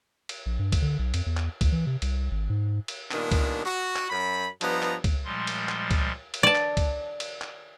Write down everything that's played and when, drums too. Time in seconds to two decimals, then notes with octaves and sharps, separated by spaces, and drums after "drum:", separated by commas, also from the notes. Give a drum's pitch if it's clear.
0.29 drum: cymbal
0.46 A#1
0.59 G2
0.72 drum: kick C#2, cymbal
0.82 D3
0.99 B1
1.14 F2, drum: cymbal
1.26 E2
1.37 drum: clap
1.61 C#2, drum: kick C#2, cymbal
1.72 E3
1.87 C3
2.02 C2, drum: cymbal
2.31 G#1
2.50 G#2
2.88 drum: cymbal
3.11 G2 A#2 D#3 B3 D4, drum: clap
3.31 drum: kick C#2, cymbal
3.65 F#4
3.96 drum: clap
4.10 F#2 B5
4.61 G2 F3 B3 D#5 A#5, drum: cymbal
4.83 drum: clap
5.04 drum: kick C#2, cymbal
5.24 A#2 F3 G3 G#3 C6
5.47 drum: cymbal
5.69 drum: clap
5.91 drum: kick C#2, cymbal
6.34 drum: cymbal
6.43 D5 A5
6.55 drum: clap
6.77 drum: kick C#2, cymbal
7.20 drum: cymbal
7.42 drum: clap